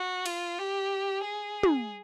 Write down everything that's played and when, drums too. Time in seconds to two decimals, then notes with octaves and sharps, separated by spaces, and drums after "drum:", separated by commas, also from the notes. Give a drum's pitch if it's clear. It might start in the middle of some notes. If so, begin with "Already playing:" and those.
Already playing: F#4
0.26 F4, drum: cymbal
0.58 G4
1.24 G#4
1.63 drum: tom